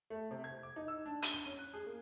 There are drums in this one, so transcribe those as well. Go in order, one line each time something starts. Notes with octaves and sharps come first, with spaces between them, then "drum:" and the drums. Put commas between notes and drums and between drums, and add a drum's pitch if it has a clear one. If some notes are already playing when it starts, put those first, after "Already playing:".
A3
C3
G#6
D6
D#4
E6
D4
drum: hi-hat
G7
C#4
F#6
G#4
A#3